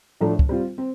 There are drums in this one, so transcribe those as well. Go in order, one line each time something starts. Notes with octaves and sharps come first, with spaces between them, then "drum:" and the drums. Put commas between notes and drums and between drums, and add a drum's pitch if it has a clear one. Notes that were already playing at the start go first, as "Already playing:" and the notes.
A2 F3 A3 D4
drum: kick
G3 C4 F4
C4